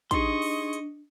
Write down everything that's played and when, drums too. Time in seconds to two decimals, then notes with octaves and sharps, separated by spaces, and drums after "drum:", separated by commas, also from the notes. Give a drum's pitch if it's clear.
0.11 D4 D#4 G4 G#4 D#5 C6 C#6, drum: kick, hi-hat
0.42 drum: open hi-hat
0.73 drum: hi-hat